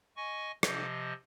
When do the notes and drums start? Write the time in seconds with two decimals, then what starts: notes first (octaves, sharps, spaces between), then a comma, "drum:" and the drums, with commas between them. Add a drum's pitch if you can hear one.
0.17 D#5 G#5 C#6
0.63 C3 F3 D#5, drum: rim click